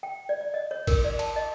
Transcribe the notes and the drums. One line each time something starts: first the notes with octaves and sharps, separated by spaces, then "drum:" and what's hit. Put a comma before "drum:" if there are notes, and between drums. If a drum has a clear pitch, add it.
G5
D5
D5
D#5
C#5
A#4, drum: kick A1, cymbal
D5
A5, drum: cymbal
D#5